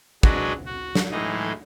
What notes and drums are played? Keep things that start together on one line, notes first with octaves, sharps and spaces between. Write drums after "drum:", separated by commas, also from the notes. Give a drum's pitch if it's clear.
F#3 G#3 D4 F#4 B4 D#5, drum: kick
F#4
drum: snare
A2 E3 G#3 D#4 D#5